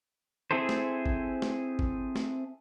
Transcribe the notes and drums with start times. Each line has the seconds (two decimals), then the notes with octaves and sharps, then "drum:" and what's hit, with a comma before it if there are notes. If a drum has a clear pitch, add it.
0.51 C4 E4 G#4 A4 C5
0.69 drum: snare
1.06 drum: kick G#1
1.42 drum: snare
1.79 drum: kick G#1
2.16 drum: snare